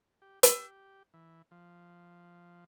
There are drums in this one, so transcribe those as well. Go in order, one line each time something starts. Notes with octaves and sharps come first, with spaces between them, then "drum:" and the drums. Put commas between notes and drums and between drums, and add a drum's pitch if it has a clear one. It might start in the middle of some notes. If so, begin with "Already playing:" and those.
G4
G4, drum: hi-hat
E3
F3